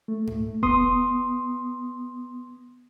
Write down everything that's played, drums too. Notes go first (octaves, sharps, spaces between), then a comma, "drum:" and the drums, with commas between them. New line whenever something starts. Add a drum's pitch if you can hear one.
A3
drum: tom G#2
B3 C6 D#6, drum: kick E1